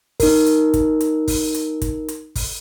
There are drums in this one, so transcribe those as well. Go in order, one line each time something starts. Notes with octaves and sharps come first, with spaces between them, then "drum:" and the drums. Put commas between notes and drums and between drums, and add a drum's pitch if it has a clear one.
D#4 A#4, drum: kick, open hi-hat
drum: hi-hat
drum: kick, hi-hat
drum: hi-hat
drum: kick, open hi-hat
drum: hi-hat
drum: kick, hi-hat
drum: hi-hat
drum: kick, open hi-hat